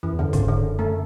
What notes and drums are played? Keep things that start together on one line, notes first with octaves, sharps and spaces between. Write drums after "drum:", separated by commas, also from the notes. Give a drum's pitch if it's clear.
F#2 E3
E2
F#2 D3
G#2 C#3, drum: kick, hi-hat
D3
F#2
A3